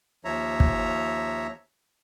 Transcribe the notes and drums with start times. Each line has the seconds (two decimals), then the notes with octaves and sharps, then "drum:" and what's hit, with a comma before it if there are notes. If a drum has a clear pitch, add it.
0.25 D#2 F3 C#5 E5 A#5
0.60 drum: kick